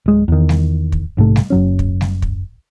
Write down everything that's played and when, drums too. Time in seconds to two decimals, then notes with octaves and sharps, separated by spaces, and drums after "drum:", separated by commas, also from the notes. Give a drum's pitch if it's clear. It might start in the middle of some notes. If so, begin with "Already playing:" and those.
0.06 D1 G#3
0.28 E2 D#3
0.49 drum: snare G3
0.92 drum: kick
1.17 A#1 G#2 C3 A3
1.36 drum: snare G3
1.50 F#1 F#3 C#4
1.79 drum: kick
2.01 drum: snare G3
2.22 drum: kick